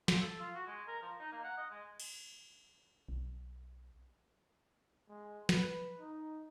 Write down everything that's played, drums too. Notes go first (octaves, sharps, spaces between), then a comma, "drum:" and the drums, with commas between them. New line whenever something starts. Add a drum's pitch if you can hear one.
F3, drum: snare
A4
F4
F#4
G#3
A#4
F3
D#4
A#3
F#5
D#5
G#3
drum: cymbal
B1
G#3
B4, drum: snare
D#4